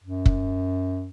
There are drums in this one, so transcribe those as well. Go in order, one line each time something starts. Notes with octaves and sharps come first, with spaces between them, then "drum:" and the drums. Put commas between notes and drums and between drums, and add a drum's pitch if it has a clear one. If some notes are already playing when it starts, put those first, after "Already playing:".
F#2
drum: kick